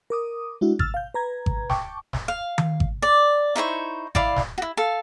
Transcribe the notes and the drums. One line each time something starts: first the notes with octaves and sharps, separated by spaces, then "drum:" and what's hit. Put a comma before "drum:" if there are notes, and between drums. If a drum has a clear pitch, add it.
A#4 D6 D#6
G#3 D4 E4 F#4
E6 F6 A6, drum: kick G#1
F5 G6
B4 A#5 G#6
drum: kick G#1
G5 A5 C#6 D6, drum: snare
drum: snare
F5
drum: tom D#3
drum: kick G#1
D5
D#4 E4 C5 C#6
E4 D5 F5 B5, drum: kick G#1
drum: snare
E4 F#4
A4 F5